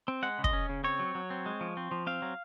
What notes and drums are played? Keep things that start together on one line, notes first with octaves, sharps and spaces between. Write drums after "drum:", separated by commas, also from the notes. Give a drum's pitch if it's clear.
C4
G#3 F#5
C#3
D#5, drum: kick
C#4
C#3
C4 C#5
F#3
F#3
C4
G#3
F3
C4
F3
C4 F5
F#3